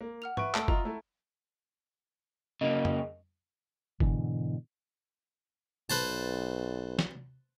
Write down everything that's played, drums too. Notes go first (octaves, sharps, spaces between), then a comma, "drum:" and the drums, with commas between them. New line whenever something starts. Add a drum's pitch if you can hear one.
A#3
F#5 F6 F7
B4 E5 C#6 D7, drum: tom G#2
A3 A5 E6 D7, drum: clap
F4 D#5 A#5, drum: kick F#1
A3 E4
C#3 A#3 D#5
drum: tom F2
G#2 B2 D3 E3, drum: kick F#1
B1 B4 C5 A5
drum: snare